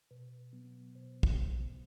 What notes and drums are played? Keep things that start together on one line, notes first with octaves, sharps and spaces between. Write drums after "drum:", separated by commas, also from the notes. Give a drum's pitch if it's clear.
B2 B4
F#3 B3
B2 C5
drum: kick